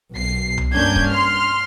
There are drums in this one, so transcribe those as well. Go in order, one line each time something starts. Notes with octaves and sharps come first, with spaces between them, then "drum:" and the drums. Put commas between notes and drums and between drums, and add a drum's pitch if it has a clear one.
B1 C7
drum: tom C2
G2 A#3 C#4 D4 G6 G#6
drum: kick
C6 F6